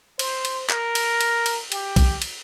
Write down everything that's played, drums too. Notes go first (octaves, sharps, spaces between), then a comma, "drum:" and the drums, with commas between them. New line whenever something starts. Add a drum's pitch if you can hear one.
C5, drum: cymbal
drum: cymbal
A#4, drum: clap
drum: cymbal
drum: cymbal
drum: cymbal
G4, drum: cymbal
drum: kick, cymbal
drum: cymbal